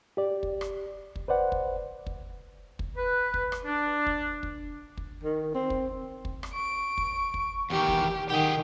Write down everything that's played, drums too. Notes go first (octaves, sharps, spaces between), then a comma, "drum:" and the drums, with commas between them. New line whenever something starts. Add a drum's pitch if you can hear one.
G4 D5
drum: kick
drum: rim click
drum: kick
B4 C5 D5 F#5
drum: kick
drum: kick
drum: kick
B4
drum: kick
drum: rim click
D4
drum: kick
drum: kick
drum: kick
D#3
C4
drum: kick
drum: kick
drum: rim click
C#6 D7
drum: kick
drum: kick
E2 D#3 G4
drum: kick
D#3 G4 G#4 F#5 G5